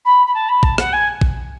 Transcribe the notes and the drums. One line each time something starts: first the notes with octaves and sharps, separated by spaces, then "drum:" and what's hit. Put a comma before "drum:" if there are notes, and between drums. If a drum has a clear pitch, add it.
B5
B5
A5
B5
A5, drum: kick
F#5, drum: rim click
G#5
drum: kick